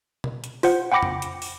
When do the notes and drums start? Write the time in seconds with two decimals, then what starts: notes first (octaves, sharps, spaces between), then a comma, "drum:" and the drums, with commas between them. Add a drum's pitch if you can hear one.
0.24 drum: tom B2
0.44 drum: hi-hat
0.63 F4 C5 F#5, drum: open hi-hat
0.92 F#5 G5 B5 D6 A#6 C#7
1.03 drum: tom
1.22 drum: hi-hat
1.42 drum: open hi-hat